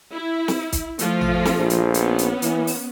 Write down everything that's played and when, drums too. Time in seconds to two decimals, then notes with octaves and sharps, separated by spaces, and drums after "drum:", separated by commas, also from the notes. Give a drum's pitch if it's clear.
0.14 E4
0.48 drum: snare
0.72 drum: kick B1, hi-hat
0.99 F3 A3 F4, drum: hi-hat
1.21 drum: tom A1
1.45 drum: snare
1.57 A#1
1.70 drum: hi-hat
1.94 B3 C#4, drum: hi-hat
2.18 drum: hi-hat
2.42 E3, drum: hi-hat
2.67 drum: open hi-hat